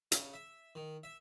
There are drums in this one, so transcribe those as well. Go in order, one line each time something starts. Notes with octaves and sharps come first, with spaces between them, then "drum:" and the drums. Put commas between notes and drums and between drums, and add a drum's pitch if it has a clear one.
C#3, drum: hi-hat
E5
D#3
E5